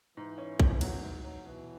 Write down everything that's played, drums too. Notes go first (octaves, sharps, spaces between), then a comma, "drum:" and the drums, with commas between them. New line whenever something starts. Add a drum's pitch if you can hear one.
G#2 E3
C#4
G#1, drum: kick
F#3, drum: cymbal
G#2
F#3
B2 E3